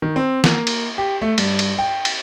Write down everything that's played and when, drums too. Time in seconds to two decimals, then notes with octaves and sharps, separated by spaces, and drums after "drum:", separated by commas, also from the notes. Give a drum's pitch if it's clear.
0.02 D#3
0.16 C4
0.44 A#3, drum: snare
0.67 drum: cymbal
0.98 G4
1.22 A3
1.38 G2, drum: cymbal
1.59 drum: cymbal
1.78 G5
2.05 drum: cymbal